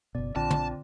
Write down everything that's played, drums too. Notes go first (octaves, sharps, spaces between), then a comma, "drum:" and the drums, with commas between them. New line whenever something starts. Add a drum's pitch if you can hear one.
F#1 B2 D5
A#1 D3 C4 F4 D5 A5
drum: tom